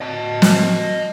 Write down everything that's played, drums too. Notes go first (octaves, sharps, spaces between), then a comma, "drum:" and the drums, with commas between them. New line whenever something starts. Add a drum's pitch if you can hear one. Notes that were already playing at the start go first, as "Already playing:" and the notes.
D#5 A5
drum: snare